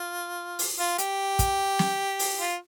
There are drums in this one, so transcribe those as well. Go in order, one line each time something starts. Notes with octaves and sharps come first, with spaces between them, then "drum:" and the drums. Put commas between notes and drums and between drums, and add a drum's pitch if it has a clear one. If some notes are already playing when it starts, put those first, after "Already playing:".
Already playing: F4
drum: open hi-hat
F4
G4, drum: hi-hat
drum: kick, hi-hat
drum: snare
drum: open hi-hat
F4